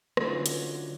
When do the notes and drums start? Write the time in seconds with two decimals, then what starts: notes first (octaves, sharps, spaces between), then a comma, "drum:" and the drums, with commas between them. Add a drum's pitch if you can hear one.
0.17 D3 F#3 A3 C#4 D#4 F4, drum: rim click
0.46 drum: hi-hat